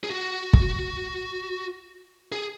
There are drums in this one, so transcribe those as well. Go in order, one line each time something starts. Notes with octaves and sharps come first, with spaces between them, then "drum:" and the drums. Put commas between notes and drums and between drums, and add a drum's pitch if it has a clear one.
G#4
F#4
drum: kick
G#4